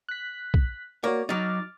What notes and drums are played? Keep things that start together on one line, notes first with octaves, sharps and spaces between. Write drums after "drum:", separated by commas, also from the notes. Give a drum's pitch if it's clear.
F#6 B6
drum: kick
A#3 F#4 C#5 D5
F#3 D#4 D6 F6 A6